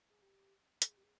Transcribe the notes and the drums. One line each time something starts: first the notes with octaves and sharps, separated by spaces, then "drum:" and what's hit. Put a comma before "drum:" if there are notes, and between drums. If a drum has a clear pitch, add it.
G#4
G4
A4, drum: hi-hat
G#4
G4
G#4